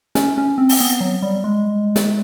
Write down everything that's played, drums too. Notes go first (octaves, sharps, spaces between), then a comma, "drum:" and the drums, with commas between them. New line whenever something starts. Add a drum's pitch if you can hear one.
C#4, drum: snare
C#4
C4
drum: open hi-hat
B3
F#3
G3
G#3
drum: snare